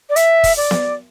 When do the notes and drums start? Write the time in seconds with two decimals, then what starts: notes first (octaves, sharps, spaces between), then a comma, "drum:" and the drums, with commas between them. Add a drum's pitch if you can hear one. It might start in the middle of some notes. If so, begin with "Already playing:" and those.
0.10 D5
0.16 E5, drum: hi-hat
0.44 drum: kick, open hi-hat
0.57 D5
0.71 drum: snare B3